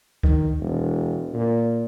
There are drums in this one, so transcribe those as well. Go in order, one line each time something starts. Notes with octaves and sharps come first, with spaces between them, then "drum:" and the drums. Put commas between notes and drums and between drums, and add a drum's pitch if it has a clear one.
D#3, drum: kick D2
E1
A#2